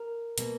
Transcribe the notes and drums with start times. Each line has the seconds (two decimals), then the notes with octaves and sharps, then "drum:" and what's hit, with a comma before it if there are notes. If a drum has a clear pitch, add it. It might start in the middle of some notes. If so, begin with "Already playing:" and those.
Already playing: A#4
0.38 B2 A#3, drum: hi-hat